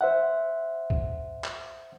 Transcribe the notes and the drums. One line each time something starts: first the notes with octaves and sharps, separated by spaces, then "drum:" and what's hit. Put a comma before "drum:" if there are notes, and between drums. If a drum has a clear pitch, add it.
C5 E5 F#5
drum: kick C2
drum: clap